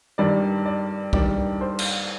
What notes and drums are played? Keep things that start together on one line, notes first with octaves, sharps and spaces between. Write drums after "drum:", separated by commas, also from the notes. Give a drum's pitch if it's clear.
G2 D#3 G3 D5
D5
G2 D#3 G3 D5, drum: kick B1
C5
drum: cymbal